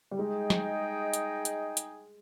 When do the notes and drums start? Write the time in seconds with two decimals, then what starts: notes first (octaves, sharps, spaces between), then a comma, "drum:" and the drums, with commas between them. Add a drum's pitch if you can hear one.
0.11 G3
0.18 G#3 D#4 G#4 D#5 G5
0.50 drum: snare
1.14 drum: hi-hat
1.45 drum: hi-hat
1.77 drum: hi-hat